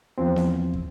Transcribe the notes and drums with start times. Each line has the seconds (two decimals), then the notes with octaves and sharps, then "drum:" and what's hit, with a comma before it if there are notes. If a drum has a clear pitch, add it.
0.18 E2 F3 C4
0.36 drum: snare
0.73 drum: kick